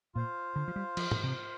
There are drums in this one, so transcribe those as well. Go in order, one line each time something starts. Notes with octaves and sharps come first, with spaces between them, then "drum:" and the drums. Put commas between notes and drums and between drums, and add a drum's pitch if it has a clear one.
A#2 F4 C5 F5
D3
F3
G3
F3, drum: cymbal
drum: tom G#2
C3